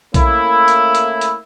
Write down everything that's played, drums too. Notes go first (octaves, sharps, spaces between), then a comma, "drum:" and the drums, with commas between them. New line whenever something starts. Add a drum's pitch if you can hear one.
A3 A#3 C#4 E4, drum: kick B1, hi-hat
drum: hi-hat
drum: hi-hat
drum: hi-hat